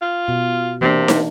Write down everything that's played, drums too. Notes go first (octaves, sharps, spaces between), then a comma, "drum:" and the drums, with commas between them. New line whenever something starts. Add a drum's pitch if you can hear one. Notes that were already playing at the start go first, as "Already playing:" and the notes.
F4
B2
C3 E3 A#3 D4
drum: snare